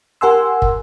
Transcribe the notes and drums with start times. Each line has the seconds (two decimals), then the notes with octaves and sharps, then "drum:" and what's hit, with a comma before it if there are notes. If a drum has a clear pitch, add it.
0.21 G4 A#4 F#5 G#5 C6 E6
0.62 drum: kick